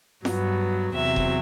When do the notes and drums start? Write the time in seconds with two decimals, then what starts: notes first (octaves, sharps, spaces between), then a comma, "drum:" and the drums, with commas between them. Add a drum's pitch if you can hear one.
0.25 G2 F#3 B3, drum: snare F4
0.95 E2 C3 F#3 C4 E5
1.16 drum: kick E1